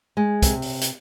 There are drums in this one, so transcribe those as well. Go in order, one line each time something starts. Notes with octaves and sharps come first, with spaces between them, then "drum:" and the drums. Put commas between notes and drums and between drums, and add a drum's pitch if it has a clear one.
G#3
C3, drum: kick, hi-hat
drum: open hi-hat
drum: hi-hat